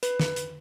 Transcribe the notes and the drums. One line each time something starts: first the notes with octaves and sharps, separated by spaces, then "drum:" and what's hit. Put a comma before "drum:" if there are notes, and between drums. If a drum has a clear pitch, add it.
B4, drum: hi-hat
drum: snare
drum: hi-hat